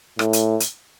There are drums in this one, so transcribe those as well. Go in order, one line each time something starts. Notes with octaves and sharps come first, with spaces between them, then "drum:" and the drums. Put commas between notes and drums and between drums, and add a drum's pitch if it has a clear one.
A2, drum: rim click
drum: hi-hat
drum: hi-hat